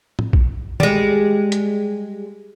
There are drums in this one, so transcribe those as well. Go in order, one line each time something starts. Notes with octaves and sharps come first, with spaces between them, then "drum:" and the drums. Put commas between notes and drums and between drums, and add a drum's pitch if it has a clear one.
drum: tom
drum: kick
G3 G#3, drum: tom
drum: hi-hat